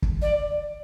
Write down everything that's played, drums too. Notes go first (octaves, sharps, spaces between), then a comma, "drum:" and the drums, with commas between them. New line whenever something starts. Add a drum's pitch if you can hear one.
drum: kick
D5